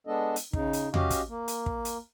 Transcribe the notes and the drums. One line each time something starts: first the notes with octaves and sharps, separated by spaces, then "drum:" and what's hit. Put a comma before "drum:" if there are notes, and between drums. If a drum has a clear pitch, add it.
G#3 B3 D4 A4 D#5
drum: hi-hat
C#3 D#4, drum: kick
drum: hi-hat
C#4 F#4 G4 D#5 F5, drum: tom E2
drum: kick, hi-hat
A#3
drum: hi-hat
drum: kick
drum: hi-hat